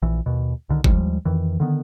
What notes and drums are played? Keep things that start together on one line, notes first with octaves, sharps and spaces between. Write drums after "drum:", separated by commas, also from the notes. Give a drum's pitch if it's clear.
A#1 E3
D#2 B2
C2 D3 D#3
D#2 F3 G3 G#3, drum: kick G1
F2 D#3 E3
D3 D#3 B3